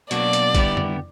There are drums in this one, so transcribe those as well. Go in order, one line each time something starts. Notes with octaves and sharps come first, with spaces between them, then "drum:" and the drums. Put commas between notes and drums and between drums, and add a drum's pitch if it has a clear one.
B2 F#3 A#3 D4 F#4 D5, drum: hi-hat
drum: hi-hat
D3 G3 B3 E4 G4, drum: kick, hi-hat
drum: tom F2